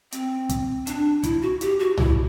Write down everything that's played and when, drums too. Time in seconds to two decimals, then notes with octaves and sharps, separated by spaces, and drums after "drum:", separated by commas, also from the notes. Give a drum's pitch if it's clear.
0.12 C4, drum: hi-hat
0.49 drum: kick, hi-hat
0.87 D4, drum: hi-hat
1.23 E4, drum: kick, hi-hat
1.42 F#4
1.61 G4, drum: hi-hat
1.80 F#4
1.97 E4, drum: tom C2